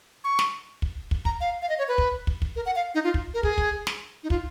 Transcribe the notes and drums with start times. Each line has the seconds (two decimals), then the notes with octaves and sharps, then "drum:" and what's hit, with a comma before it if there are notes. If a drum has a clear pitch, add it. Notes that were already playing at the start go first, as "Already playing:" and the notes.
0.24 C#6
0.39 drum: snare
0.82 drum: kick
1.11 drum: kick
1.25 A#5, drum: kick
1.41 F5
1.62 F5
1.69 D#5
1.79 C#5
1.88 B4
1.98 drum: kick
2.27 drum: kick
2.42 drum: kick
2.56 A#4
2.66 F#5
2.76 F5
2.95 D#4
3.04 F4
3.14 drum: kick
3.34 A#4
3.43 G#4, drum: kick
3.58 drum: kick
3.87 drum: snare
4.23 D#4
4.30 F4, drum: kick